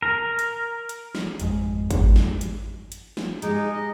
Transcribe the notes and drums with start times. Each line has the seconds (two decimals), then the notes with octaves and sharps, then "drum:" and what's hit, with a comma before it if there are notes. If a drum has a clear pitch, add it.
0.02 A#4
0.39 drum: hi-hat
0.89 drum: hi-hat
1.15 drum: snare
1.40 G#1 F2 G#3, drum: hi-hat
1.91 drum: kick G#1, hi-hat
2.16 drum: snare
2.41 drum: hi-hat
2.92 drum: hi-hat
3.17 drum: snare
3.42 G#3 D#4 G4 G#4, drum: hi-hat
3.73 D#5